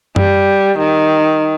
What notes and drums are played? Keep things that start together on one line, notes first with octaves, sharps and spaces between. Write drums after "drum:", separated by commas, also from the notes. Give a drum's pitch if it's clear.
G3, drum: tom F#2
D#3